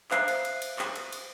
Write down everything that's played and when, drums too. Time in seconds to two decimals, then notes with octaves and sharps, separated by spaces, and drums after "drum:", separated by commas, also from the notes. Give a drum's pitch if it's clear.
0.11 C5 E5 F5 F#6 C7, drum: clap
0.28 drum: cymbal
0.45 drum: cymbal
0.62 drum: cymbal
0.79 drum: clap
0.96 drum: cymbal
1.13 drum: cymbal